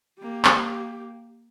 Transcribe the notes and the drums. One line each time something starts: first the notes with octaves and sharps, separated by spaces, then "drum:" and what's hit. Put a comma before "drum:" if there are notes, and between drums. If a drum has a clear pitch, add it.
A#3 G4
drum: clap